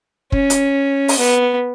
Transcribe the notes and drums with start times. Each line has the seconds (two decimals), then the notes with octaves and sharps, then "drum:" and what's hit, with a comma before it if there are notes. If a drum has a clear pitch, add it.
0.32 C#4, drum: kick
0.50 drum: hi-hat
1.08 drum: open hi-hat
1.18 B3